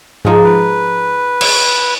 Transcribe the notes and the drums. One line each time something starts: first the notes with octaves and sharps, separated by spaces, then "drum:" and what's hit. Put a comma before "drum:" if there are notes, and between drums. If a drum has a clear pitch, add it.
G#2 F3 D#4 G#4
B4
C#5, drum: cymbal